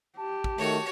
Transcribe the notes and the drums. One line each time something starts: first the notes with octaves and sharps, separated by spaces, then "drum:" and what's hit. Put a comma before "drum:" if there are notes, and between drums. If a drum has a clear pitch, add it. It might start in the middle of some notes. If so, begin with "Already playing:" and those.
G4 A5
drum: kick
D#3 A3 F#4 C#5